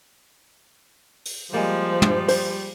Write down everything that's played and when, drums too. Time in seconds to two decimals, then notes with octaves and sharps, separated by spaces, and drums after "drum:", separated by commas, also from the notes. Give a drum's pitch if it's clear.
1.26 drum: open hi-hat
1.54 F3 G3 G#3 A#3
2.02 drum: tom
2.28 C5, drum: open hi-hat